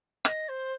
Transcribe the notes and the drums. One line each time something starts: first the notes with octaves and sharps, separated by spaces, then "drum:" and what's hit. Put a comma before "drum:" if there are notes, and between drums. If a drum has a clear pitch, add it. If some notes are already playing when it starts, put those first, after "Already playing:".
D#5, drum: rim click
C5